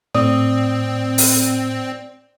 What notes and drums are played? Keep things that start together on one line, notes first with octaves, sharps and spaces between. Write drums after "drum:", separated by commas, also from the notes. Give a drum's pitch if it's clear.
A2 C4 D5 D#6
drum: open hi-hat